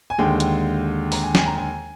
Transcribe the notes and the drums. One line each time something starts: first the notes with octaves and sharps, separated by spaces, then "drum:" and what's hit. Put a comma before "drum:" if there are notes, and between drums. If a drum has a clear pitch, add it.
G#5
D#2 D3 G#3 G5
drum: hi-hat
A#5, drum: open hi-hat
G#5
G#5, drum: snare
A#5
G#5